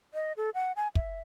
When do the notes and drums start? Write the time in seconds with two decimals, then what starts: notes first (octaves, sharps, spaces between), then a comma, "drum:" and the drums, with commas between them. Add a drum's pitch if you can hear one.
0.14 D#5
0.37 A4
0.55 F#5
0.76 G#5
0.95 E5, drum: kick